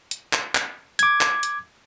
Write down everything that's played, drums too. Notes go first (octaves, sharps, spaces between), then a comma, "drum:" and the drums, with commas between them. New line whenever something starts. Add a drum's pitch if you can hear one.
drum: hi-hat
drum: clap
drum: clap
D6 G#6, drum: hi-hat
drum: clap
drum: hi-hat